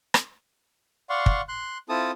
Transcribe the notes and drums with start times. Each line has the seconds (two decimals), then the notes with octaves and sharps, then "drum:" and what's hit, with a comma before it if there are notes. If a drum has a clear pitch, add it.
0.14 drum: rim click
1.10 D5 F5 F#5 C6 C#6
1.26 drum: kick
1.49 C6 F#6
1.89 C4 E4 F4 A4 A5 D#6